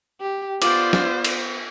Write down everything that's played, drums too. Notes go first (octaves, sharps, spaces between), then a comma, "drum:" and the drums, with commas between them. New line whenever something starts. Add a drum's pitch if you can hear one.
G4
B3 F4 C5 D5, drum: cymbal
drum: snare
drum: cymbal